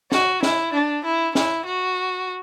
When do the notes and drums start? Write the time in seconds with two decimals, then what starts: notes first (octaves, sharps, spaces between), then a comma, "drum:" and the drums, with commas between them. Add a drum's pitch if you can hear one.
0.12 F#4, drum: snare
0.43 E4, drum: snare
0.73 D4
1.05 E4
1.35 E4, drum: snare
1.65 F#4